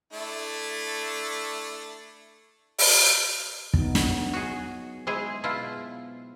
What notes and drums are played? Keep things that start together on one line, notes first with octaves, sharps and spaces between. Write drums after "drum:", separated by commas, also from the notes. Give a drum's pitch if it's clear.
A3 D4 E4
drum: open hi-hat
F#3 B3 D#4, drum: kick
drum: snare
F#4 G#4
G#3 E4 G#4 C5
B2 E4 F4